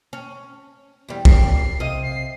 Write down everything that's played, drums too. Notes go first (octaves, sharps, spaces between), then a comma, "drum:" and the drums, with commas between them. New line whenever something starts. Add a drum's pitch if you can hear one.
C#4
E2 G3
A#2 G3 C7, drum: kick
C3 D#5 F5 D#7
C7